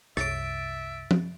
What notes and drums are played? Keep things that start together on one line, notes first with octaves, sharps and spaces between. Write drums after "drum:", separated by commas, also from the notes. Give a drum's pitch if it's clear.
C2 F#2 C3 C#5 E5 A6 D7, drum: rim click
drum: tom